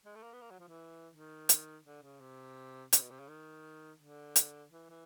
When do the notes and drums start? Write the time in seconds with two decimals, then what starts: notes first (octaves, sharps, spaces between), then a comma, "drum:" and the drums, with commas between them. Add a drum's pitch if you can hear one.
0.05 G#3
0.15 A3
0.23 A#3
0.33 B3
0.41 A#3
0.51 F#3
0.60 F3
0.68 E3
1.13 D#3
1.49 drum: hi-hat
1.85 D3
2.02 C#3
2.21 C3
2.93 C3, drum: hi-hat
3.01 B2
3.11 C3
3.19 C#3
3.28 D#3
4.00 D3
4.36 drum: hi-hat
4.71 E3
4.90 E3